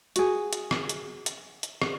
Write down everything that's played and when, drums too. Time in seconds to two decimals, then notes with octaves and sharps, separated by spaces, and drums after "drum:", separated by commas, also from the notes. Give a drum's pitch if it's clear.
0.16 F#4 G#4, drum: hi-hat
0.53 drum: hi-hat
0.71 drum: rim click
0.89 drum: hi-hat
1.26 drum: hi-hat
1.63 drum: hi-hat
1.82 drum: rim click